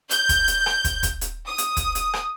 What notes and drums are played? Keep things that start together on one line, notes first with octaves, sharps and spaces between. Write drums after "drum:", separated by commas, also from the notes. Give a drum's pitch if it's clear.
G6, drum: hi-hat
drum: kick, hi-hat
drum: hi-hat
drum: rim click
drum: kick, hi-hat
drum: kick, hi-hat
drum: hi-hat
D#6
drum: hi-hat
drum: kick, hi-hat
drum: hi-hat
drum: rim click